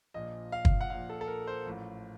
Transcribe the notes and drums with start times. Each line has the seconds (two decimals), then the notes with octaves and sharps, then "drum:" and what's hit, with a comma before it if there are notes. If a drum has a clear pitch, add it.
0.14 A#1 A#2 F3 D#5
0.52 F5
0.65 drum: kick
0.81 F#5
0.89 A#1 A#2 F3 F5
1.10 A4
1.21 A4
1.28 A#4
1.47 C5
1.65 A1 A2 F3